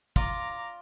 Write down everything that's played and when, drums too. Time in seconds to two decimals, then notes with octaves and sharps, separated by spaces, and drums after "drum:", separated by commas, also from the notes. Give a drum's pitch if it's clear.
0.16 F4 D5 A#5 D6, drum: kick